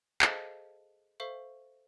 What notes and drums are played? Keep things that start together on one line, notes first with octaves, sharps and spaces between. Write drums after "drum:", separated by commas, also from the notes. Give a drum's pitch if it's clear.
G#4 A4 C5 D#5 F5 A5, drum: clap
A4 C5 E5 F5 C#6